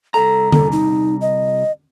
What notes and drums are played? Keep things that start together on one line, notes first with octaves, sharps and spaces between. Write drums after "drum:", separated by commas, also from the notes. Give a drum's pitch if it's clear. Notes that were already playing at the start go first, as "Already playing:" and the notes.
C2 A4 A#5
A4, drum: tom D3
D#4
D#5